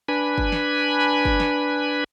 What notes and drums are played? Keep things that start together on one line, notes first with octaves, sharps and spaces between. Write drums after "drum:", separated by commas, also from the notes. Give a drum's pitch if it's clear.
D4 B4 G#5 B5
drum: kick F#1
drum: snare
drum: kick F#1
drum: snare